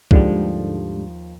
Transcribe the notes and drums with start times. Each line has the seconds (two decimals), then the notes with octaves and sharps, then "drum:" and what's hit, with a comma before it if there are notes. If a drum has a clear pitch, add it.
0.11 D#2 G#2 D3 F3 G3 F4, drum: kick C2